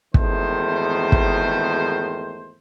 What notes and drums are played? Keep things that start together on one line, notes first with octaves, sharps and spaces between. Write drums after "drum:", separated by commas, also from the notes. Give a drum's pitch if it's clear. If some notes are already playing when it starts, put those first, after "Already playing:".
G#1 E2 D#3 A3 C5, drum: kick
drum: kick